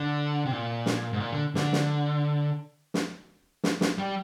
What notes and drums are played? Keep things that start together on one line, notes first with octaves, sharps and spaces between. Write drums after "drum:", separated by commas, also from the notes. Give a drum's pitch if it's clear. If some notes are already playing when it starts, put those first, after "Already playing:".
Already playing: D3
C3
A#2
drum: snare
G#2
A#2
D3
D3, drum: snare
drum: snare
drum: snare
drum: snare
drum: snare
G3